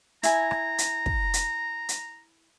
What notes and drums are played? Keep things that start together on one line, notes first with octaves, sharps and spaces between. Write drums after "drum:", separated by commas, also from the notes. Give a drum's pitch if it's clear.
E4 G#5 A#5, drum: hi-hat
drum: rim click
drum: hi-hat
drum: kick
drum: hi-hat
drum: hi-hat